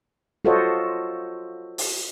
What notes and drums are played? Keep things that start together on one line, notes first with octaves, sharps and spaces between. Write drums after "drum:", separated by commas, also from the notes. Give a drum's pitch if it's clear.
F4 F#4 A4 C5 C#5 D#5
drum: open hi-hat